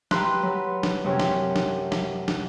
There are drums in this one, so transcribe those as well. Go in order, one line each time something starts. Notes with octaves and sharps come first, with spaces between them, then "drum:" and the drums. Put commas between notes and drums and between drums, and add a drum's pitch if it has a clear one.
G4 B4 A#5 C6 E6 F#6, drum: snare
F#3 B4
drum: snare
F#2 C3 F#3 C#4
drum: snare
drum: snare
drum: snare
drum: snare